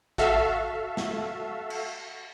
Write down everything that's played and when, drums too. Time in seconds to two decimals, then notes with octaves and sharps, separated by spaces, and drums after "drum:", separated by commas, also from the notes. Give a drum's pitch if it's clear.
0.18 F#4 A4 E5 F5, drum: kick A1
0.97 drum: snare
1.70 drum: cymbal